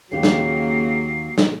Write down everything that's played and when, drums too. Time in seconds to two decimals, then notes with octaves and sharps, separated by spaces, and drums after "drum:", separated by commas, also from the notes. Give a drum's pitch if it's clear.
0.12 D#2 C#3 F#3 A#3 G4 C7
0.23 drum: snare
1.38 drum: snare